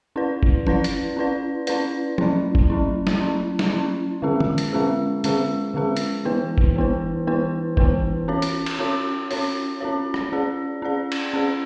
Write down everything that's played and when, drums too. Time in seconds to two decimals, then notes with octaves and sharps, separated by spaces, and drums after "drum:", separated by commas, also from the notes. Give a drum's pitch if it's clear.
0.16 C#4 E4 B4 D5
0.43 drum: kick F#1
0.67 C#4 E4 B4 D5, drum: tom
0.84 drum: hi-hat
1.17 C#4 E4 B4 D5
1.67 C#4 E4 B4 D5, drum: hi-hat
2.18 F#3 C#4 E4, drum: tom
2.55 drum: kick F#1
2.70 F#3 C#4 E4
3.07 drum: snare
3.20 F#3 C#4 E4
3.59 drum: snare
3.70 F#3 C#4 E4
4.22 D3 G#3 C#4 G#4
4.40 drum: tom
4.58 drum: hi-hat
4.73 D3 G#3 C#4 G#4
5.24 D3 G#3 C#4 G#4, drum: hi-hat
5.74 D3 G#3 C#4 G#4
5.96 drum: hi-hat
6.25 E3 B3 E4 B4
6.58 drum: kick F#1
6.76 E3 B3 E4 B4
7.27 E3 B3 E4 B4
7.77 E3 B3 E4 B4, drum: kick F#1
8.28 C#4 F#4 C#5
8.42 drum: hi-hat
8.66 drum: cymbal
8.79 C#4 F#4 C#5
9.31 C#4 F#4 C#5, drum: open hi-hat
9.81 C#4 F#4 C#5
10.14 drum: rim click
10.32 C#4 G#4 D5
10.82 C#4 G#4 D5
11.12 drum: cymbal
11.34 C#4 G#4 D5